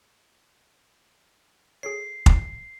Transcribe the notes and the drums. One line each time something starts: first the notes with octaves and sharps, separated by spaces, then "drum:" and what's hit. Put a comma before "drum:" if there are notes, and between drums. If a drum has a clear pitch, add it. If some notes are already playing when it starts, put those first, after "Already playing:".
G#4 A4 C#5 C7
drum: kick